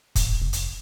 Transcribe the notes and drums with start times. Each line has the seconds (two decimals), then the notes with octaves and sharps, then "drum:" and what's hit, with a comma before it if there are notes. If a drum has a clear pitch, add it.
0.16 D#1, drum: kick F#1, hi-hat
0.42 F1
0.53 drum: hi-hat